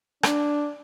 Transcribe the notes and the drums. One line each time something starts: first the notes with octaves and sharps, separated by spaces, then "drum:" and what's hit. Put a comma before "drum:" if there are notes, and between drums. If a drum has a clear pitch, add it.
D4, drum: rim click